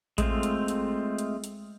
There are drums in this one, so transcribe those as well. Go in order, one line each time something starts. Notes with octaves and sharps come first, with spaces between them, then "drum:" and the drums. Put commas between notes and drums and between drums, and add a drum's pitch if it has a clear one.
G#3 A3 C4 F4, drum: kick A1, hi-hat
drum: hi-hat
drum: hi-hat
drum: hi-hat
drum: hi-hat